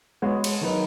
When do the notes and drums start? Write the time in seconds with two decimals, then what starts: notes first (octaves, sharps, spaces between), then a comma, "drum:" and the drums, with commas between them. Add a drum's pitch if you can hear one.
0.22 G#3 B3 F#4 C#5
0.44 drum: cymbal
0.61 D#3 F#3 D#4 B4